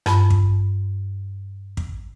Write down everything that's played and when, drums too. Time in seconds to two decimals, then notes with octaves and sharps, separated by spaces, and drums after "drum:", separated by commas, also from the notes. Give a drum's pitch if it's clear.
0.06 G2 B5, drum: rim click
0.30 drum: kick
1.77 drum: kick